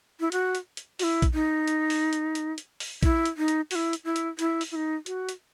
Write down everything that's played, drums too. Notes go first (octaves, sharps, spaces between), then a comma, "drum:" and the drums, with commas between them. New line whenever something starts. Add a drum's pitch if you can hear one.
E4
F#4, drum: hi-hat
drum: hi-hat
drum: hi-hat
F#4, drum: open hi-hat
E4
drum: kick A#1, hi-hat
D#4
drum: hi-hat
drum: open hi-hat
drum: hi-hat
drum: hi-hat
drum: hi-hat
drum: open hi-hat
E4, drum: kick A#1, hi-hat
drum: hi-hat
D#4
drum: hi-hat
F#4, drum: open hi-hat
E4
drum: hi-hat
E4
drum: hi-hat
E4, drum: hi-hat
drum: open hi-hat
E4
D#4
F#4, drum: hi-hat
drum: hi-hat